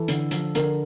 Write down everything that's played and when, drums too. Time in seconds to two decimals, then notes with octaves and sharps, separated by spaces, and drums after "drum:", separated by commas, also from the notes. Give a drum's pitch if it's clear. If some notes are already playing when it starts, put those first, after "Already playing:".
Already playing: E3 A4
0.08 D3, drum: hi-hat
0.31 F3, drum: hi-hat
0.55 D3 A#4, drum: hi-hat